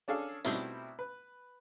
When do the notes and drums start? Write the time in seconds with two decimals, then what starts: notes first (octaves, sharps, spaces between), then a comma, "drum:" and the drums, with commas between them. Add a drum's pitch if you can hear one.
0.08 C#4 D4 G#4 A4 F5
0.44 B2 G3 A3 C4 D#4 E4, drum: hi-hat
0.99 B4